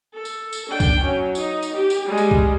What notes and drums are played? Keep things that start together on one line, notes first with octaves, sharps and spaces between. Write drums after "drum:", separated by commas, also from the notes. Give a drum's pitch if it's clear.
A4
drum: tambourine
drum: tambourine
D4 G5
drum: kick C#2, tambourine
F#3 C#4
D#4, drum: tambourine
drum: tambourine
G4
drum: tambourine
G3 G#3
drum: tambourine
drum: kick C#2